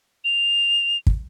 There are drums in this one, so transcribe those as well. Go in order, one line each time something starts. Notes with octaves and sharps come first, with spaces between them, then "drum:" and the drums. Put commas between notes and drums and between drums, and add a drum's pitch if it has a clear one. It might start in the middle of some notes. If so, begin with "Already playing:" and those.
F7
drum: kick